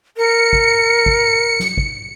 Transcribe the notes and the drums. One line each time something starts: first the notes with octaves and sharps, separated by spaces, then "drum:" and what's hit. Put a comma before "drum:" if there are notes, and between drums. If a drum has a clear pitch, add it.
A#4 C#7
drum: kick
drum: kick
drum: snare
drum: kick